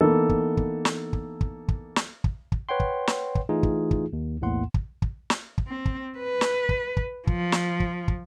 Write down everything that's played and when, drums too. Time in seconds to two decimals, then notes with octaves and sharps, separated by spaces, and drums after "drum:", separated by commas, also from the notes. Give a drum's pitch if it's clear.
0.01 E3 A#3 B3 D#4 A4
0.29 drum: kick
0.57 drum: kick
0.85 drum: snare
1.13 drum: kick
1.41 drum: kick
1.68 drum: kick
1.96 drum: snare
2.24 drum: kick
2.52 drum: kick
2.69 B4 C#5 F#5 G5 C6
2.80 drum: kick
3.07 drum: snare
3.35 drum: kick
3.49 E3 A3 D#4 F4 G#4
3.63 drum: kick
3.91 drum: kick
4.13 D#2
4.41 B1 E2 A2 A#3 F#5 C6
4.74 drum: kick
5.02 drum: kick
5.30 drum: snare
5.58 drum: kick
5.68 C4
5.85 drum: kick
6.18 B4
6.41 drum: snare
6.69 drum: kick
6.97 drum: kick
7.27 F3, drum: kick
7.52 drum: snare
7.80 drum: kick
8.08 drum: kick